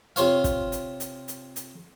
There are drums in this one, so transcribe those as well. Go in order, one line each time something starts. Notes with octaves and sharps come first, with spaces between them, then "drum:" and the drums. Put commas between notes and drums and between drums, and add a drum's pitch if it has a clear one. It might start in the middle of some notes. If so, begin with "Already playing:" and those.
C3 F4 C#5 F5, drum: hi-hat
drum: kick, hi-hat
drum: hi-hat
drum: hi-hat
drum: hi-hat
drum: hi-hat